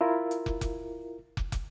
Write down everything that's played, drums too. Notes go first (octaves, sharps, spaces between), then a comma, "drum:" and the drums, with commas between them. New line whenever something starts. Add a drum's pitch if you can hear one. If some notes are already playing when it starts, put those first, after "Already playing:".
E4 F4 A#4
drum: hi-hat
drum: kick
drum: kick, hi-hat
drum: kick
drum: kick, hi-hat